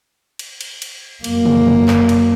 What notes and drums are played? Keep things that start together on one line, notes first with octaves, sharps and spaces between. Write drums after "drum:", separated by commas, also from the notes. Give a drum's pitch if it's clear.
drum: cymbal
drum: cymbal
drum: cymbal
F#2 A#3, drum: cymbal
drum: tom
drum: tom
drum: clap
drum: cymbal